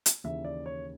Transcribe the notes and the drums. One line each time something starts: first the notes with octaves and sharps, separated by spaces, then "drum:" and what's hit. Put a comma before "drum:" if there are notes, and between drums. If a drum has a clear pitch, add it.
drum: hi-hat
D#2 C#3 E3 E5
D5
C#5